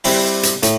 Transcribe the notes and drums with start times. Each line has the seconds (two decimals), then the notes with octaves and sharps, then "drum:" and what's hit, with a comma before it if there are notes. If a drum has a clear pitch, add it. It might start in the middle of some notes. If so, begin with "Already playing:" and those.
0.04 G3 C4 E4 G4, drum: open hi-hat
0.43 drum: hi-hat
0.63 A2, drum: hi-hat